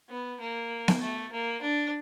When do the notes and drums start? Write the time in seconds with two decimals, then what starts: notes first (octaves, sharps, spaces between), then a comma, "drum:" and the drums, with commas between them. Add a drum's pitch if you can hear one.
0.09 B3
0.40 A#3
0.88 drum: snare B3
1.01 A3
1.32 A#3
1.62 D4